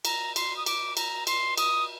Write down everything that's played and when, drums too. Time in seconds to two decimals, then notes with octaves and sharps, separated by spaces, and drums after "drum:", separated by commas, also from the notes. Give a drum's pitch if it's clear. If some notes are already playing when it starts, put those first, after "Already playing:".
0.05 A#5, drum: cymbal
0.36 C6, drum: cymbal
0.57 D#6
0.66 D6, drum: cymbal
0.97 A#5, drum: cymbal
1.27 C6, drum: cymbal
1.58 D#6, drum: cymbal